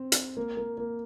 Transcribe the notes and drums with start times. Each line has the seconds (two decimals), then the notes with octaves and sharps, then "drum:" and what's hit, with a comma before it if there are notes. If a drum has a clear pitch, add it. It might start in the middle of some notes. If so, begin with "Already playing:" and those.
Already playing: C4
0.12 drum: hi-hat
0.37 A#3
0.57 A#3
0.78 A#3